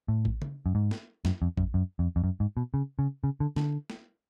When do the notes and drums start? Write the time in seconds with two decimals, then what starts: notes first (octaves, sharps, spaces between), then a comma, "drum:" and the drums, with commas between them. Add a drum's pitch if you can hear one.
0.08 A2
0.25 drum: kick A1
0.42 drum: tom C#3
0.66 F#2
0.75 G#2
0.91 drum: snare
1.25 F#2, drum: snare
1.42 F2
1.57 F#2, drum: kick A1
1.74 F#2
1.99 F2
2.16 F2
2.24 F#2
2.40 G#2
2.57 B2
2.74 C#3
2.99 C#3
3.24 C#3
3.40 D3
3.56 D3, drum: snare
3.90 drum: snare